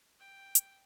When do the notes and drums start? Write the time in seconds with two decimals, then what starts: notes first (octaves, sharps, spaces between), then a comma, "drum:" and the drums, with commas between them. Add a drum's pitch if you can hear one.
0.19 G5
0.55 drum: hi-hat